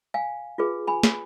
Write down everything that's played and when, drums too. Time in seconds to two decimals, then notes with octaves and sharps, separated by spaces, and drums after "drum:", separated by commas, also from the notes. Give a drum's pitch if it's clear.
0.14 F5 G#5
0.58 F4 G#4 B4
0.87 G#5 B5
1.03 drum: snare